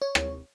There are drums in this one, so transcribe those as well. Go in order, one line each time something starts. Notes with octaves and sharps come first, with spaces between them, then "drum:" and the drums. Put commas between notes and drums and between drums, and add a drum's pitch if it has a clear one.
C#5
drum: rim click